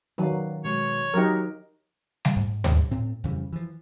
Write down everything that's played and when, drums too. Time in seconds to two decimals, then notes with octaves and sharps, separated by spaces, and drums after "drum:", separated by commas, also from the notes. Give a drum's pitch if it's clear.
0.18 D#3 F#3 B4 D5 F5
0.64 B2 G#3 C#5
1.14 F#3 D#4 G4 A#4 G5
2.25 drum: snare G3
2.36 G#2
2.64 drum: tom D2
2.91 A2 C4
3.24 F2 C#3 E3 G3
3.53 E3 F3